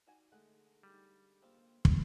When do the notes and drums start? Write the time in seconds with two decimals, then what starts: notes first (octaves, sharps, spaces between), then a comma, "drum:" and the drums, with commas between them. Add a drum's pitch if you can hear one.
0.07 G3 D#4 F#4 G#5
0.32 D3 G#3 A3 F#5
0.83 G3
1.42 A#3 C4 F4
1.85 drum: kick